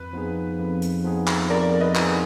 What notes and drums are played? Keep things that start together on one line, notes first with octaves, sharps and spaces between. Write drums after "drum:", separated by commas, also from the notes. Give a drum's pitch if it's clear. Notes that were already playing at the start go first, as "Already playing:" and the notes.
Already playing: F2 B4
F3 B3 D#4 G#4
F2
drum: hi-hat
F3 B3 D#4 G#4
drum: clap
F2 A#4 D5
B4 D#5
F3 B3 D#4 G#4, drum: clap